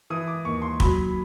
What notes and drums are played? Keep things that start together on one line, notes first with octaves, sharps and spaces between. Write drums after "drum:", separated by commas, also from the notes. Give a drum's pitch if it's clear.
E3 D#6
D6
D#2 C#6
C6
F#3 B5, drum: kick